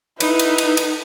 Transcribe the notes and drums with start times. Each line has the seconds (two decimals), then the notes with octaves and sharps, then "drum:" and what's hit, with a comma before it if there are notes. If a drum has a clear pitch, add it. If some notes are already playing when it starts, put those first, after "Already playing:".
0.20 D#4 E4 B4, drum: cymbal
0.39 drum: cymbal
0.58 drum: cymbal
0.77 drum: cymbal